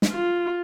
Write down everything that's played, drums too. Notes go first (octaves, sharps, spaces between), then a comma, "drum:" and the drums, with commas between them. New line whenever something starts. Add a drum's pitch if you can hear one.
drum: snare
F4